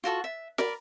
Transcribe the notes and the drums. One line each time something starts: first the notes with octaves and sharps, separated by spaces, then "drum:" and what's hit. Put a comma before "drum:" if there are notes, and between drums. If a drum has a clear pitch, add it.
F4 F#4 A4 C#6
E5
A#4 D5 B5, drum: snare